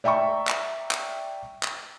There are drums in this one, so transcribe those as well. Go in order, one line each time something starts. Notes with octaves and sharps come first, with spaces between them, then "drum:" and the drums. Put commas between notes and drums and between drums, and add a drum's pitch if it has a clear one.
D5 E5 G5 A#5 C#6
drum: clap
drum: clap
drum: clap